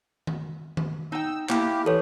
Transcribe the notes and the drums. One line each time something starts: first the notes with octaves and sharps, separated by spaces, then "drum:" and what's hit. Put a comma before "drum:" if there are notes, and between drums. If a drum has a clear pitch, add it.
drum: tom D#3
drum: tom D#3
D#4 G5 E6
A#3 E4 G4, drum: clap
E3 A4 B4 C#5